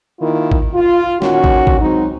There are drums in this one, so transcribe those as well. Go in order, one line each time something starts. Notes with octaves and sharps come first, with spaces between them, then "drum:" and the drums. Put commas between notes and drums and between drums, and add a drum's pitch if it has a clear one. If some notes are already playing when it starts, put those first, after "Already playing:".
D#3 A#3 E4 F4
drum: kick
F4
A#2 D#3 C#4 F#4, drum: snare
drum: kick
drum: kick
F#3 G#3 C4 D#4